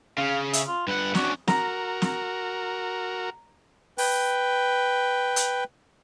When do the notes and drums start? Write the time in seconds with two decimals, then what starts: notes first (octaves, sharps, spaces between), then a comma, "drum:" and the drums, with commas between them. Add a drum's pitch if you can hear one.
0.18 C#3 F5
0.53 E5, drum: hi-hat
0.67 F4
0.88 G2 B4 F#5
1.15 C#4 D4 F#4, drum: snare
1.48 F#4 A#4 A#5, drum: snare
2.02 drum: snare
3.98 B4 G5, drum: open hi-hat
5.36 drum: hi-hat